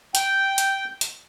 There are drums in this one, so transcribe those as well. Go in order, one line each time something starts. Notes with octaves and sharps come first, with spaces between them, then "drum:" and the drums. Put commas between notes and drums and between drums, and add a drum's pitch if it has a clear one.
G5, drum: hi-hat
drum: hi-hat
drum: hi-hat